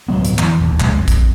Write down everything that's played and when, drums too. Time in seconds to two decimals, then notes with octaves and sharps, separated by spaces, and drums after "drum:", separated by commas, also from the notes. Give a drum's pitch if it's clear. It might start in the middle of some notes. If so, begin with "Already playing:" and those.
0.08 D1 G2 F#3 B3
0.25 drum: hi-hat
0.38 E2 E3, drum: clap
0.61 D#1 D2
0.80 D#1 C#2 F#3 G#3, drum: clap
0.98 F2
1.08 drum: kick A#1, hi-hat